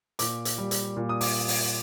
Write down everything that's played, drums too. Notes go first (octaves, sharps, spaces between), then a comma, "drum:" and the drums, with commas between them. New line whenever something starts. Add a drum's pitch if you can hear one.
A#2 D6, drum: hi-hat
drum: hi-hat
G3
drum: hi-hat
A#2
D#6
D6, drum: open hi-hat
drum: open hi-hat